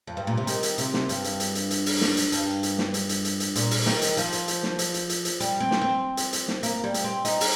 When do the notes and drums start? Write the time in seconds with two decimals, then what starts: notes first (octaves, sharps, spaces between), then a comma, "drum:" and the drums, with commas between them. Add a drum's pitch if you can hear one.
0.07 F2
0.17 G2
0.27 A#2
0.37 C3
0.47 D#3, drum: hi-hat
0.63 drum: hi-hat
0.78 C3, drum: hi-hat
0.94 drum: snare
1.09 G2, drum: hi-hat
1.24 drum: hi-hat
1.40 drum: hi-hat
1.55 drum: hi-hat
1.71 drum: hi-hat
1.86 drum: open hi-hat
2.01 drum: snare
2.17 drum: hi-hat
2.32 G2, drum: hi-hat
2.63 drum: hi-hat
2.78 drum: snare
2.94 drum: hi-hat
3.09 drum: hi-hat
3.25 drum: hi-hat
3.40 drum: hi-hat
3.55 A#2, drum: hi-hat
3.71 drum: open hi-hat
3.86 D#3, drum: snare
4.02 drum: hi-hat
4.17 F3, drum: hi-hat
4.32 drum: hi-hat
4.48 drum: hi-hat
4.63 drum: snare
4.79 drum: hi-hat
4.94 drum: hi-hat
5.09 drum: hi-hat
5.25 drum: hi-hat
5.40 G3, drum: hi-hat
5.60 C4
5.71 drum: snare
5.82 C4
6.17 drum: hi-hat
6.33 drum: hi-hat
6.48 drum: snare
6.63 A#3, drum: hi-hat
6.84 G3
6.94 drum: hi-hat
7.04 C4
7.25 D#4, drum: hi-hat
7.40 drum: open hi-hat